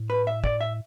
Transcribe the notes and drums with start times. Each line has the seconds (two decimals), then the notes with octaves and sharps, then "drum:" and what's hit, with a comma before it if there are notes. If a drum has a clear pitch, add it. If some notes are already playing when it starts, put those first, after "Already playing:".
Already playing: A2
0.10 B4
0.27 E5
0.44 D5, drum: kick
0.61 E5